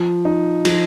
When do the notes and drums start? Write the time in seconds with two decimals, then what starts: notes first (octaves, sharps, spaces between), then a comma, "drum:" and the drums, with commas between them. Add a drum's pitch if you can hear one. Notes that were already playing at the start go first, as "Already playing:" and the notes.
Already playing: F3
0.25 D#4
0.65 F3, drum: cymbal